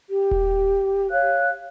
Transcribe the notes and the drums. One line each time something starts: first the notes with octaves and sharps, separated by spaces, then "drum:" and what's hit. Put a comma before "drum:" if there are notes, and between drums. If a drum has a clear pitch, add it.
G4
drum: kick D#1
C#5 F5 F#6